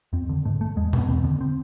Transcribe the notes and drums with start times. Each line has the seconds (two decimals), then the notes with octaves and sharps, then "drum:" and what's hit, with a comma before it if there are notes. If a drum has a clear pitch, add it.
0.13 F2 C4
0.29 D3
0.45 G#2 A3
0.61 A3
0.76 E2 G#3
0.93 B2 B3, drum: tom F#2
1.08 E2 C4
1.24 D3 B3
1.41 C4